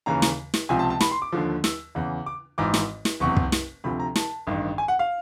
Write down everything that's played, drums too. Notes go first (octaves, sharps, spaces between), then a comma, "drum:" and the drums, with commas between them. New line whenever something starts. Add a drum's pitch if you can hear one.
D#2 C#3 E3 A#5
drum: snare
drum: snare
C#2 C3 F3 G#5
A5
A5
B5, drum: snare
C6
D6
D#2 D3 F3
E6, drum: snare
E2 C#3 E3
D6
G#1 G#2 E3 D6
drum: snare
drum: snare
F#1 E2 C3 C#6
drum: kick
drum: snare
D2 C3 F3 B5
A#5
A5, drum: snare
A1 G2 D#3
G#5
F#5
F5